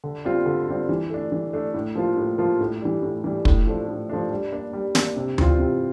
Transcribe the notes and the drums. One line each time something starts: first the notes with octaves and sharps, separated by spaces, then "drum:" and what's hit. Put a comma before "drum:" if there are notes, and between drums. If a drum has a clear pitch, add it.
D3
G3 C4 F4
D3
G3 C4 F4
E3
A3 D4
E3
A3 D4
A2
F3 A#3 F4
A2
F3 A#3 F4
A2
E3 G3
A2
E3 G3
A2, drum: kick
F3 A3 D4
A2
F3 A3 D4
G3
A#3 D4
G3
A#3 D4, drum: snare
C3
E3 G3 C4 F4, drum: tom D2
C3